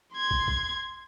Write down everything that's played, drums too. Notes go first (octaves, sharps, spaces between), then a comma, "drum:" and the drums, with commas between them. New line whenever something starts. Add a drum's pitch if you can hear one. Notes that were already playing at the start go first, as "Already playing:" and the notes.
C6 G#6
drum: kick
drum: kick